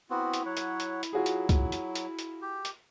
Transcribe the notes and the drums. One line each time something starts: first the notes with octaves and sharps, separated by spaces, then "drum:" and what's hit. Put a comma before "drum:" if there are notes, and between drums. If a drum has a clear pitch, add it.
B3 C4 E4 F#4
drum: hi-hat
F#3 C#5 F#5
drum: hi-hat
drum: hi-hat
drum: hi-hat
F#3 F4 F#4 G#4
drum: hi-hat
drum: kick, hi-hat
drum: hi-hat
drum: hi-hat
drum: hi-hat
G4
drum: hi-hat